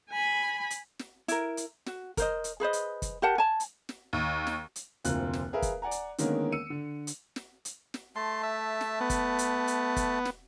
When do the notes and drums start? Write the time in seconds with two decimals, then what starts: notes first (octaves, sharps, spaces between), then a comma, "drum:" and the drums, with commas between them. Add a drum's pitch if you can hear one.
0.10 G#5 B5
0.70 drum: hi-hat
0.99 drum: snare
1.28 E4 A#4, drum: hi-hat
1.57 drum: hi-hat
1.86 F#4, drum: snare
2.17 A#4 C5 D#5, drum: kick, hi-hat
2.44 drum: hi-hat
2.60 G#4 B4 C5 D#5
2.73 drum: hi-hat
3.02 drum: kick, hi-hat
3.22 G4 A#4 F#5 A5
3.38 G#5 A5
3.60 drum: hi-hat
3.89 drum: snare
4.13 D#2
4.47 drum: snare
4.76 drum: hi-hat
5.05 F1 D2 A#3 C4 F4 F#6, drum: hi-hat
5.33 drum: snare
5.53 G#4 A#4 B4 E5 F5
5.62 drum: kick, hi-hat
5.82 D5 F#5 G#5 A#5
5.91 drum: hi-hat
6.18 D3 D#3 G#3 A#3 B3 C#4, drum: hi-hat
6.52 E6 C#7 D#7
6.70 D3
7.07 drum: hi-hat
7.36 drum: snare
7.65 drum: hi-hat
7.94 drum: snare
8.16 A3 A5 C6
8.43 E5
8.81 drum: snare
9.00 B3
9.10 drum: kick, hi-hat
9.39 drum: hi-hat
9.68 drum: hi-hat
9.96 drum: kick, hi-hat
10.25 drum: snare